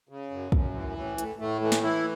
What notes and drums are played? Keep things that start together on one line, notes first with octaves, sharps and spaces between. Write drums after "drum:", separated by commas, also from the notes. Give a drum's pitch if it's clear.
C#3
F#2
F#2, drum: kick
E3
A2
A2, drum: hi-hat
A2 A3
E3 A3
drum: snare
E3 E4